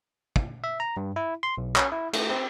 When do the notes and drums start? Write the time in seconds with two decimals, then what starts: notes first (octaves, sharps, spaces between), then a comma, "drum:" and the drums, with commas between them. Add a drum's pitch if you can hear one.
0.36 drum: kick
0.64 E5
0.80 A#5
0.97 G2
1.16 E4
1.43 C6
1.58 B1
1.76 C#4, drum: clap
1.92 E4
2.13 A3, drum: cymbal
2.30 C4